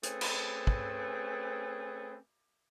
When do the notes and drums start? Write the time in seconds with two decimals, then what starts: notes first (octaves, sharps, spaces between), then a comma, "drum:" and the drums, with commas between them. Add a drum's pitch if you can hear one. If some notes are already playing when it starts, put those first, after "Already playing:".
0.03 A3 C4 C#4 G#4 B4, drum: hi-hat
0.21 drum: cymbal
0.67 drum: kick